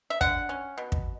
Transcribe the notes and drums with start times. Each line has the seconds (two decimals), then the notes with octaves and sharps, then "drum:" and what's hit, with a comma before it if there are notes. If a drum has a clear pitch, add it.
0.10 E5
0.21 D3 F#5, drum: kick
0.49 C#4
0.78 B2
0.92 drum: kick